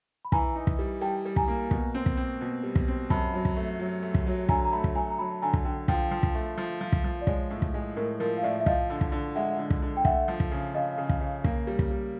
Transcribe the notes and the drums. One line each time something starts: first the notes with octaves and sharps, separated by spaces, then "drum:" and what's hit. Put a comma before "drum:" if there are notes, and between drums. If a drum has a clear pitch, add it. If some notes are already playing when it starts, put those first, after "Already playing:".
B5
E3 G#5 A#5, drum: kick
D#4
drum: kick
G3
G3 G5 A5
G3
G#5 A#5, drum: kick
A#3
B2, drum: kick
C4
drum: kick
C4
B2
G3
drum: kick
C4
F#2 A5 B5, drum: kick
F#3
drum: kick
A3
F#3
A3
drum: kick
F#3
D3 G#5 A#5, drum: kick
A#5
A3 A5 B5
drum: kick
F#3 G#5 A#5
A#5
F#3 A5 B5
A5
D3 G#5 A#5
drum: kick
D3 G5 A5
F3 F5 G5, drum: kick
F3
drum: kick
A3
F3
F3
drum: kick
F3
D5
G#3 C#5, drum: kick
A2
drum: kick
G#3
A2 A#4
F3 A#4
F5
A2 D5 E5
E5
F3 D#5 F5, drum: kick
D3
drum: kick
D3
G#3 E5 F#5
D3
drum: kick
D3
G5
A3 E5 F#5, drum: kick
F3
drum: kick
C#3
C#3 D#5 F5
C#3
drum: kick
C#3
A#3, drum: kick
G3
drum: kick
G3